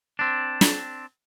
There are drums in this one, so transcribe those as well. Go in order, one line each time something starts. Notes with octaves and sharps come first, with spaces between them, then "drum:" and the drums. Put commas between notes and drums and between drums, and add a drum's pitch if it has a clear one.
C4 D4
drum: snare